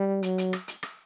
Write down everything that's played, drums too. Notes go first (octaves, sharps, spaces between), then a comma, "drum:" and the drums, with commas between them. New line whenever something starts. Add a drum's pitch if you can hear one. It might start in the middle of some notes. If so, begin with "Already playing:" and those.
Already playing: G3
F#3, drum: hi-hat
drum: hi-hat
drum: rim click
drum: hi-hat
drum: rim click